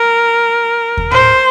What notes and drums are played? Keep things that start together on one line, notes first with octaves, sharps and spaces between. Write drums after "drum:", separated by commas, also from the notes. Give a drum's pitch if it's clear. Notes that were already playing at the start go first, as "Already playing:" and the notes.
Already playing: A#4
drum: kick D#2
C5, drum: tom A2